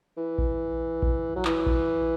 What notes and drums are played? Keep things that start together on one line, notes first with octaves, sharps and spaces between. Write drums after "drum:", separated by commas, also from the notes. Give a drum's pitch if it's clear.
E3
drum: kick A#1
drum: kick A#1
F#3
E3, drum: clap
drum: kick A#1